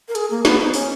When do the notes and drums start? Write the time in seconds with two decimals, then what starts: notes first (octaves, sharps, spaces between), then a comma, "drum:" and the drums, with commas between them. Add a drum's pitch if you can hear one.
0.08 A#4
0.15 G#4, drum: hi-hat
0.30 A#3
0.45 B3, drum: snare
0.59 D#4
0.74 C#4, drum: open hi-hat